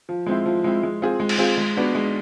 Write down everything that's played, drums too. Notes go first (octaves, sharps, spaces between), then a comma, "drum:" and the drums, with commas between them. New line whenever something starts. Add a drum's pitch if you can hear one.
F3
G#3 C4 E4
F3
G#3 C4 E4
G#3
C4 F4 G#4
G#3
drum: cymbal
C4 F4 G#4
G#3
B3 D4 F#4
G#3